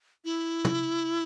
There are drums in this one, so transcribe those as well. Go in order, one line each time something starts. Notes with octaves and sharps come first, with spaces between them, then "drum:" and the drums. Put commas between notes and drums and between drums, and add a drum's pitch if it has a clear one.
E4
drum: tom